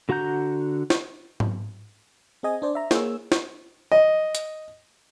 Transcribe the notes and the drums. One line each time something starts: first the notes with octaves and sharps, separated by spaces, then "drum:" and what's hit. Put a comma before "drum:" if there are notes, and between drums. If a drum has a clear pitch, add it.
D3 F#4 F#5 A#5 G6
drum: snare
drum: tom G#2
C4 G#4 D#5 G#5
D4 C5 D5
E5 A#5
A#3 G#4 C#5 E6, drum: snare
drum: snare
D#5
drum: hi-hat